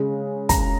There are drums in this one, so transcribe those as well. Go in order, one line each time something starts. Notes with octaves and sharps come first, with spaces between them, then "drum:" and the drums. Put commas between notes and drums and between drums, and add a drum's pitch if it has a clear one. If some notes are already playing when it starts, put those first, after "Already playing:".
Already playing: C#3 G#3
A#5, drum: kick, hi-hat